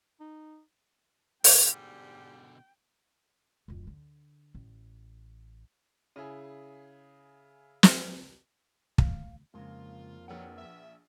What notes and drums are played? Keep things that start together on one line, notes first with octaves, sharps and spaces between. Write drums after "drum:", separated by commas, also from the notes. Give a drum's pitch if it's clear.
D#4
G#2 B2 D3 G3 G5, drum: open hi-hat
D1 F2
D3
A1
C#3 E4 G#4
drum: snare
F5, drum: kick
F2 C#3 G#3 A#3 F4
A#1 F#3 B4 F#5 G5
E5